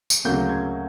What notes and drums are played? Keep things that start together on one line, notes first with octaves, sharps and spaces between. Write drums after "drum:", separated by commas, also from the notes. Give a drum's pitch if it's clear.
drum: tambourine
D2 C#3 F#3 A#3 C#4 G6
G#6